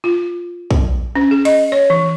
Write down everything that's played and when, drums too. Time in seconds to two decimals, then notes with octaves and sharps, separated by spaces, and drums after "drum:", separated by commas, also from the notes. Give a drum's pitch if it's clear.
0.04 F4
0.71 drum: kick
1.15 C#4
1.31 G#4
1.45 D#5, drum: cymbal
1.72 C#5
1.90 E3